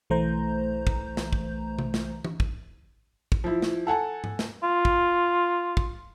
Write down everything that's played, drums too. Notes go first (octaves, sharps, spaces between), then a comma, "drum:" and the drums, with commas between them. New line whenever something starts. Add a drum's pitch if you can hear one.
B1 E3 A3 C5 A#5 G6
drum: kick
drum: snare
drum: kick
drum: tom C3
drum: snare
drum: tom E3
drum: kick
drum: kick
F3 E4
drum: snare
A4 F#5 G#5 A5
drum: tom G#2
drum: snare
F4
drum: kick
drum: kick